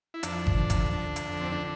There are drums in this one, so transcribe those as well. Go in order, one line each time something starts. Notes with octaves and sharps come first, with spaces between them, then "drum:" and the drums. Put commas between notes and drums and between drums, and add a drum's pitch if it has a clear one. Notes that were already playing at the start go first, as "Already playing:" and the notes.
E4
F2 D4, drum: hi-hat
drum: kick G1
D3
drum: kick G1, hi-hat
D3
drum: hi-hat
F2
C4
D4